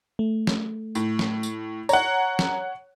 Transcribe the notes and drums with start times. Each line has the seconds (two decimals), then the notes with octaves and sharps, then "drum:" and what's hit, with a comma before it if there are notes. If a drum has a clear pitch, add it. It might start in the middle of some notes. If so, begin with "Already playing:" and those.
0.19 A3
0.47 drum: snare
0.95 A2, drum: tambourine
1.19 drum: snare
1.43 drum: tambourine
1.89 C#5 F#5 A#5, drum: tambourine
2.39 drum: snare